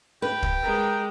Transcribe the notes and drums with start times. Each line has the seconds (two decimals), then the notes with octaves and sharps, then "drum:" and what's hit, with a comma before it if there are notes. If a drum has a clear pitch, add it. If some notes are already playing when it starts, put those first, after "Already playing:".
0.22 G4 B4
0.42 drum: kick D1
0.63 G#3 A#4